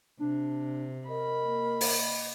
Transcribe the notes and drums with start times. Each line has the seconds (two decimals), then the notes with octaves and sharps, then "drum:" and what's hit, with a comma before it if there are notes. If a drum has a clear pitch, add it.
0.20 C3 D4
1.09 A#4 D#5 B5
1.44 A#3
1.81 drum: open hi-hat